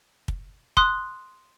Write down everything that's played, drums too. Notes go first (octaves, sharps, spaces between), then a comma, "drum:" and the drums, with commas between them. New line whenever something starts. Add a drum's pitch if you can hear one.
drum: kick
C6 D#6 F#6, drum: kick